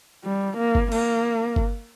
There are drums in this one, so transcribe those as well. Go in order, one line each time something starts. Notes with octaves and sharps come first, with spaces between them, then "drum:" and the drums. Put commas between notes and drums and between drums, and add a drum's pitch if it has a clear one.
G3
A#3
drum: kick G1
A#3, drum: cymbal
drum: kick G1